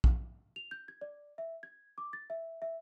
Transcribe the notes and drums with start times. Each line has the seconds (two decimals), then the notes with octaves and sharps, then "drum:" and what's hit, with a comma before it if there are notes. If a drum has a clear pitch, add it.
0.04 drum: kick A#1
0.56 F7
0.71 G6
0.88 G#6
1.01 D5
1.38 E5
1.63 G#6
1.98 D6
2.13 A6
2.30 E5
2.62 E5